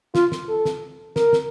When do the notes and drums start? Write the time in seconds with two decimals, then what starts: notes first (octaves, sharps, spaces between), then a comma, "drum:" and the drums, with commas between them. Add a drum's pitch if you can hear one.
0.15 F4, drum: snare
0.32 drum: snare
0.49 A4
0.65 drum: snare
1.16 A#4, drum: snare
1.33 drum: snare